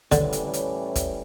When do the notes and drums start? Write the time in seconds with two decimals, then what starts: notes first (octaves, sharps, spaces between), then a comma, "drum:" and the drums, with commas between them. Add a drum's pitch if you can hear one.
0.12 A2 D3 E3 G3 C#4, drum: kick, hi-hat
0.33 drum: hi-hat
0.53 drum: hi-hat
0.95 drum: kick, hi-hat